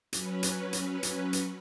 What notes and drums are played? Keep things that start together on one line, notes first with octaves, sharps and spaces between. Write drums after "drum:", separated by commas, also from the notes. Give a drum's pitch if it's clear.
F#3 C#4 B4, drum: hi-hat
drum: hi-hat
drum: hi-hat
drum: hi-hat
drum: hi-hat